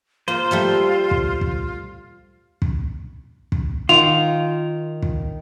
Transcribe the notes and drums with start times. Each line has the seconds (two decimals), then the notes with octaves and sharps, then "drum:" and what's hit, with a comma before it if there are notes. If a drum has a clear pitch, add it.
0.28 A#3 F4 C5
0.51 F3 G3 A3
1.11 drum: kick
1.41 drum: kick
2.62 drum: kick
3.52 drum: kick
3.89 D#3 F4 F7
5.02 drum: kick